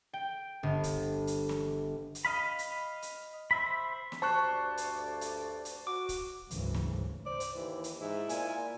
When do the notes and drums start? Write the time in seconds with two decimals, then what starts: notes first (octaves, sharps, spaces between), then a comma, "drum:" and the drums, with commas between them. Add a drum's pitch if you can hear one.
0.13 G5
0.63 G1
0.84 drum: kick C#1, hi-hat
1.27 drum: hi-hat
1.49 drum: snare
2.15 drum: hi-hat
2.25 D#5 F5 B5
2.59 drum: hi-hat
3.02 drum: hi-hat
3.51 C5 E5 B5
4.12 drum: snare
4.22 D2 G2 C5 D5 A5 C#6 F#6
4.77 drum: hi-hat
5.21 drum: hi-hat
5.65 drum: hi-hat
5.87 F#4 D6
6.09 drum: kick C#1, hi-hat
6.51 F#1 D2 G#2 C#3 E3, drum: hi-hat
6.74 drum: snare
7.26 C5 D5
7.40 drum: hi-hat
7.56 D#2 E3
7.84 drum: hi-hat
8.01 G#2 E4
8.29 A#2 G#5, drum: hi-hat